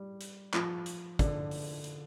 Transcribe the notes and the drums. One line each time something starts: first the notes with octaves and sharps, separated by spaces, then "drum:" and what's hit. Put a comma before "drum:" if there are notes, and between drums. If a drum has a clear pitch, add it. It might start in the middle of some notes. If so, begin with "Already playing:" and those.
Already playing: G3
drum: hi-hat
F3, drum: clap
drum: hi-hat
D3, drum: kick, hi-hat
drum: open hi-hat
drum: hi-hat